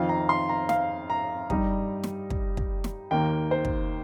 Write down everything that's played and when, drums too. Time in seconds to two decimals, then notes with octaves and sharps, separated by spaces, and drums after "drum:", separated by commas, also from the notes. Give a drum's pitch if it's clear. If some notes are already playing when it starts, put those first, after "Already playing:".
Already playing: F2 D#3 C4 F4 F5
0.09 A#5
0.29 C6
0.49 A#5
0.69 F5, drum: snare
1.10 A#5
1.50 G2 G3 D#4, drum: kick
2.03 drum: snare
2.30 drum: kick
2.57 drum: kick
2.84 drum: snare
3.11 D#2 D#3 A#3 G5
3.51 C5
3.65 drum: kick